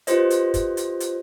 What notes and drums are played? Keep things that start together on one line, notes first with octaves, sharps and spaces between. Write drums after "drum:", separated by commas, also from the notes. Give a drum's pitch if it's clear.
F4 G4 B4 C5 D#5, drum: hi-hat
drum: hi-hat
drum: kick, hi-hat
drum: hi-hat
drum: hi-hat